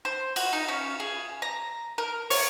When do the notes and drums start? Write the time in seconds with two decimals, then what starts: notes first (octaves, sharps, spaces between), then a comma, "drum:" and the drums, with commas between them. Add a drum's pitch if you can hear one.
0.05 C5
0.36 F#4, drum: cymbal
0.53 D#4
0.68 C#4
1.00 G#4
1.42 A#5
1.98 A#4
2.30 C#5, drum: open hi-hat